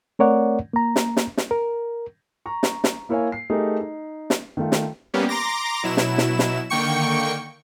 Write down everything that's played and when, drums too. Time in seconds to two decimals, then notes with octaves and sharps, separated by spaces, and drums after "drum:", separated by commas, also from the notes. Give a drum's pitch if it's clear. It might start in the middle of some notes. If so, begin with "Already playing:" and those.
0.19 A3 C4 A#4 C#5 D5 F#5
0.73 A#3 A#5
0.96 drum: snare
1.17 drum: snare
1.37 drum: snare
1.51 A#4
2.46 A#5 C#6
2.63 drum: snare
2.84 drum: snare
3.09 A#3 E4 A#4 C#5 F5 G#5
3.32 C7
3.50 A3 D#4 G4 G#4 A#4
3.81 D#4
4.30 drum: snare
4.57 D#3 A3 F4
4.72 drum: snare
5.14 G3 A#3 B3 C#4 G4
5.29 A#5 C6 D6 A#6
5.83 B2 F#3 E4 E7
5.97 drum: snare
6.18 drum: snare
6.39 drum: snare
6.70 D3 D#3 A#3 G5 C#6 C#7